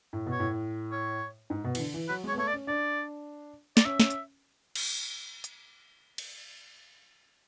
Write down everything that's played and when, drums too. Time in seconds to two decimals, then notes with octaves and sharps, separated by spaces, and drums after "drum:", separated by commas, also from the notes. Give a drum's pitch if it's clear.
0.13 A2
0.26 B2
0.32 C#5
0.40 A2
0.92 C#5
1.50 G#2
1.64 B2
1.75 E3, drum: cymbal
1.80 D3
1.94 E3
2.08 F#3 B4
2.24 G#3 C#5
2.32 B3
2.38 A3 C#5
2.48 D5
2.53 C#4
2.67 D4 D5
3.77 D5, drum: snare
3.85 C#4 E5
4.00 C#4, drum: snare
4.10 drum: hi-hat
4.75 drum: cymbal
5.44 drum: hi-hat
6.18 drum: cymbal